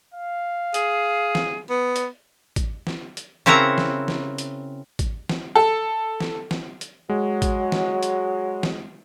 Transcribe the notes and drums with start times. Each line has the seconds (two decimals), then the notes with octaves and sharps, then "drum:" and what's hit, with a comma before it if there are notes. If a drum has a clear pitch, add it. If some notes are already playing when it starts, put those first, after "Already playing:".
0.14 F5
0.74 G#4, drum: hi-hat
1.35 drum: snare
1.70 B3
1.96 drum: hi-hat
2.56 drum: kick, hi-hat
2.87 drum: snare
3.17 drum: hi-hat
3.46 C#3 C4 E4 F#4 A#4 A#5
3.78 drum: snare
4.08 drum: snare
4.38 drum: hi-hat
4.99 drum: kick, hi-hat
5.29 drum: snare
5.55 A4
6.20 drum: snare
6.51 drum: snare
6.81 drum: hi-hat
7.09 F#3 G#3
7.42 drum: kick, hi-hat
7.72 drum: snare
8.03 drum: hi-hat
8.63 drum: snare